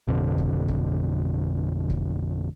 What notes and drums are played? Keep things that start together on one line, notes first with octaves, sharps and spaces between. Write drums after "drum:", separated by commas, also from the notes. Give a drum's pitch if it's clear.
A1 F2 B2 D3
drum: kick
drum: kick
drum: kick